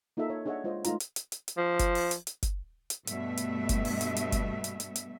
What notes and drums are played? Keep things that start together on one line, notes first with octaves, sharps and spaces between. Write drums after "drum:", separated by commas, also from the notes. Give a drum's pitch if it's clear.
A#3 D#4 F4 A4 E5
C#5
D4 G#4 C#5 D#5 E5 F#5
G#3 F4 C5 C#5 D#5
G#3 A3 D#4 F4 A#5, drum: hi-hat
drum: hi-hat
drum: hi-hat
drum: hi-hat
drum: hi-hat
F3
drum: kick F#1, hi-hat
drum: open hi-hat
drum: hi-hat
drum: hi-hat
drum: kick F#1, hi-hat
drum: hi-hat
G2 B2 G3 A3 E5, drum: hi-hat
drum: hi-hat
drum: kick F#1, hi-hat
drum: open hi-hat
drum: hi-hat
drum: hi-hat
drum: kick F#1, hi-hat
drum: hi-hat
drum: hi-hat
drum: hi-hat